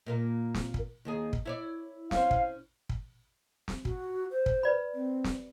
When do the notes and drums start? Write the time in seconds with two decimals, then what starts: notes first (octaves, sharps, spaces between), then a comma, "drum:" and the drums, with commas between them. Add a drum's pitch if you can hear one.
0.06 A#2 A#3 A#4
0.54 drum: snare
0.74 drum: kick
1.05 D#2 D#3 G#4
1.33 drum: kick
1.45 E4 C#5 D5
2.11 C#4 C5 F5, drum: snare
2.31 drum: kick
2.89 drum: kick
3.68 drum: snare
3.85 F#4, drum: kick
4.31 C5
4.46 drum: kick
4.63 B4 D5 B5
4.94 C4
5.24 drum: snare